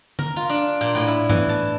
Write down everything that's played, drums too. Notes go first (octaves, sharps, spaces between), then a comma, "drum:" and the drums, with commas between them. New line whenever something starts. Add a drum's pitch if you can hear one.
A#4, drum: tom D3
F4
D4
A#2
A2
E4
E3, drum: tom G2
A5